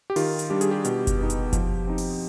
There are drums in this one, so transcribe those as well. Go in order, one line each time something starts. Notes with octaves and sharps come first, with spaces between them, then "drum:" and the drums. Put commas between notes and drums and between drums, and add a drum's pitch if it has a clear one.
G4
D#3 F4, drum: open hi-hat
drum: hi-hat
G3 D4 G4
G#4, drum: hi-hat
G4
B2, drum: hi-hat
drum: kick F#1, hi-hat
B3 D#4
drum: hi-hat
F3, drum: kick F#1, hi-hat
C4 D#4
drum: open hi-hat